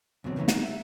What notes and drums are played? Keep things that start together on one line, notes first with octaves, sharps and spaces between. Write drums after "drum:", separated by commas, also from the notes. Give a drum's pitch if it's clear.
E2 B2 D3 F#3 C4
C#3 E3 F#3 G#3 A3 D#4
D#4, drum: snare
E5